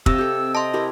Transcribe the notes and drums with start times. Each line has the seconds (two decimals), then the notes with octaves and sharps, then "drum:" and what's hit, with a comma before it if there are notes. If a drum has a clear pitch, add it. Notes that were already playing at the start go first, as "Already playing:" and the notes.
0.06 C3 C4 D#5 A5 E6, drum: kick
0.18 G4 A4
0.55 D#5 A5 C6
0.74 E4 G4 A#4